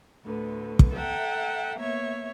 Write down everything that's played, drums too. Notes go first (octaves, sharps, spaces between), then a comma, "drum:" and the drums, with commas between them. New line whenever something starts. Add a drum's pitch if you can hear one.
D2 A2 D3 B3
drum: kick
A4 E5 F#5 G5 A#5
A#3 B3 C#5 E5